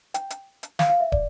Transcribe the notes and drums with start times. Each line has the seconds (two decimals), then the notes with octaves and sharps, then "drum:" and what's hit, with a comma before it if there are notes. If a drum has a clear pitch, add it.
0.14 G5, drum: hi-hat
0.30 drum: hi-hat
0.63 drum: hi-hat
0.79 F5, drum: snare
0.90 F5
1.00 E5
1.12 D5, drum: kick